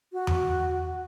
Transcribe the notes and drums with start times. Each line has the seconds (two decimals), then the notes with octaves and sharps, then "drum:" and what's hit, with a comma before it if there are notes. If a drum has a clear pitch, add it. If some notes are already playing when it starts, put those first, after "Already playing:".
0.13 F#4
0.27 drum: tom E2